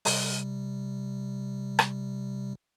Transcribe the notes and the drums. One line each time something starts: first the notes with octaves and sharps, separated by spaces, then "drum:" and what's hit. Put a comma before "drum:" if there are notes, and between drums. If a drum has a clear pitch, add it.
C3 G3, drum: open hi-hat
drum: rim click